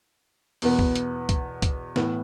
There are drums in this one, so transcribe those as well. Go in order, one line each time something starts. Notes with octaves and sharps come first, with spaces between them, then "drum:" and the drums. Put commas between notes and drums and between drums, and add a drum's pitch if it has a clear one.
E2 B2 B3, drum: open hi-hat
drum: kick
drum: hi-hat
drum: kick, hi-hat
drum: kick, hi-hat
A2 E3 B3, drum: snare